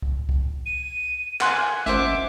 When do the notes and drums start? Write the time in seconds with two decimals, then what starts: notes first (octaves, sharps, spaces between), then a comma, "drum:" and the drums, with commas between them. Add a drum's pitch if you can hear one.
0.02 drum: kick C#2
0.29 drum: kick C#2
0.66 D#7
1.41 F#5 G#5 C6 F#6, drum: clap
1.86 G#1 C#4 C5 E5 F#5 D6, drum: snare